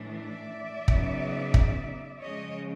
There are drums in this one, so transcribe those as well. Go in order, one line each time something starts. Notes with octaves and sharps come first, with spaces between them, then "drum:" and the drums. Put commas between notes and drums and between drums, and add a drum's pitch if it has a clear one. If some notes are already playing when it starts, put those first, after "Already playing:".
Already playing: A2 E3 A3 D4
D5 E5
C#3 F#3 B3 D#4, drum: kick
drum: kick
C#3 F3 G#3 C#5 D#5